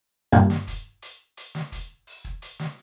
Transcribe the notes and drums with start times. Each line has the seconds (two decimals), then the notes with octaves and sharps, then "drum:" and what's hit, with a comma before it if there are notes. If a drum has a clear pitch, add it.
0.32 G2 A#2 A#3 G4
0.50 drum: snare
0.67 drum: kick, hi-hat
1.02 drum: hi-hat
1.37 drum: hi-hat
1.55 drum: snare
1.72 drum: kick, hi-hat
2.07 drum: open hi-hat
2.25 drum: kick
2.42 drum: hi-hat
2.59 drum: snare